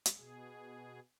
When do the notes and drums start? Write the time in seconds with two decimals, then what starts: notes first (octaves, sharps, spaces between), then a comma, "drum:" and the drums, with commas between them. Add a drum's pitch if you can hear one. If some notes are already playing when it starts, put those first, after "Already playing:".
0.06 drum: hi-hat
0.16 B2 G#4